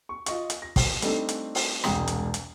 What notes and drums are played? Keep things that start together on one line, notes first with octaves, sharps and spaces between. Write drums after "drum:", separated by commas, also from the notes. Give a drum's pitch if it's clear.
C#6
F4 D#5 C#6, drum: hi-hat
drum: hi-hat
A#6
drum: kick, open hi-hat
G3 A3 C4 D4 D#4 A4, drum: hi-hat
drum: hi-hat
drum: open hi-hat
E1 C2 G#3 G5 A#5 D#6, drum: rim click
drum: hi-hat
drum: hi-hat